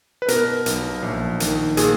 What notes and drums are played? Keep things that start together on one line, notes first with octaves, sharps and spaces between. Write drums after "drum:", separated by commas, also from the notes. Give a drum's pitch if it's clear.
B4
B2 A#4, drum: hi-hat
B1, drum: hi-hat
A#1
D#3, drum: hi-hat
A#2 G#4, drum: hi-hat